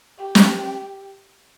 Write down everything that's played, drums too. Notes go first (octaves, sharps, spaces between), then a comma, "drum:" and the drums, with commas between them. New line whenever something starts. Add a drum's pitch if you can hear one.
G4
drum: snare